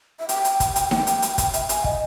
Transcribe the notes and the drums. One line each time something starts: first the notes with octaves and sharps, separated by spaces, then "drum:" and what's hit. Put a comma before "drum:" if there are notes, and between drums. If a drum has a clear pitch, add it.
E5
G5, drum: hi-hat
drum: hi-hat
drum: kick, hi-hat
drum: hi-hat
G5, drum: snare D#4
drum: hi-hat
drum: hi-hat
drum: kick, hi-hat
E5, drum: hi-hat
G#5, drum: hi-hat
D#5, drum: kick